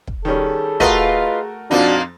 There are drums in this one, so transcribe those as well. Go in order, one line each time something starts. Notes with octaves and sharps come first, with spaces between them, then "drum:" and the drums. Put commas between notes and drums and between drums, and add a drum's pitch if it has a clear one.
drum: kick
D#3 G3 C#4 G#4 A4
A3 F4 F#4 A#4 B4 D#5, drum: kick
F2 A#2 F3 A#3 D4 D#4 F#4